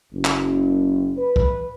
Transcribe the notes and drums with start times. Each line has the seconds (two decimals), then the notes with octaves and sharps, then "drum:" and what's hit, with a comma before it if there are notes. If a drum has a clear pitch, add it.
0.12 F#1
0.25 drum: clap
1.17 B4
1.36 drum: kick